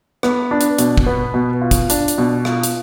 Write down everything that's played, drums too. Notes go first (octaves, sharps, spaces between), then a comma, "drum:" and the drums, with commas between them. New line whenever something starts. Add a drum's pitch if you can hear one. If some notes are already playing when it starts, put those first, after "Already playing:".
B3, drum: rim click
D4
drum: hi-hat
B2, drum: hi-hat
drum: kick
B3
B2
F4
drum: kick, hi-hat
D4, drum: hi-hat
drum: hi-hat
B2
F4, drum: rim click
drum: hi-hat